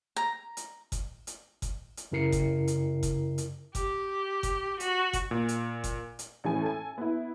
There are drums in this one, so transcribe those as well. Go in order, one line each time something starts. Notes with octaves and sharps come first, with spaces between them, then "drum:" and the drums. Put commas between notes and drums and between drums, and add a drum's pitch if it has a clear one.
A#5
drum: hi-hat
drum: kick F#1, hi-hat
drum: hi-hat
drum: kick F#1, hi-hat
drum: hi-hat
F#2 C#3 E4 A#4 C7 C#7
drum: kick F#1, hi-hat
drum: hi-hat
drum: kick F#1, hi-hat
drum: hi-hat
G4, drum: kick F#1, hi-hat
drum: kick F#1, hi-hat
F#4, drum: hi-hat
drum: kick F#1, hi-hat
A#2
drum: hi-hat
drum: kick F#1, hi-hat
drum: hi-hat
A1 A2 G#5
A4 G#5
B3 E4